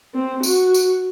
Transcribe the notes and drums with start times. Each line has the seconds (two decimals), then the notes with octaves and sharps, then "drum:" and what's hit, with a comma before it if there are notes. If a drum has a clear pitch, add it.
0.14 C4
0.43 F#4, drum: tambourine
0.74 drum: tambourine